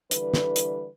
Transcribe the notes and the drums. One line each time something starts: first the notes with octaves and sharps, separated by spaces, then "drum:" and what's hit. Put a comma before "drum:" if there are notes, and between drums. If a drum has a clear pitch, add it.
D3 E3 G3 B4, drum: hi-hat
drum: snare
drum: hi-hat